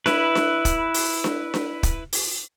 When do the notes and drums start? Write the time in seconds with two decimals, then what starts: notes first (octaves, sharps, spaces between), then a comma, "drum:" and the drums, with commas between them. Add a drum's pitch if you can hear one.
0.06 E4 B4, drum: snare D4
0.35 drum: snare D4
0.65 drum: kick, hi-hat
0.94 drum: open hi-hat
1.24 drum: snare D4
1.54 drum: snare D4
1.83 drum: kick, hi-hat
2.13 drum: open hi-hat